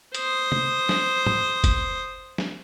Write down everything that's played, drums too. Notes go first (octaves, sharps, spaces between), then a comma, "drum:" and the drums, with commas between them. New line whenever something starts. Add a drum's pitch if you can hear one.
C5 D#6, drum: hi-hat
drum: tom
drum: snare
drum: tom
drum: kick F#1, hi-hat
drum: snare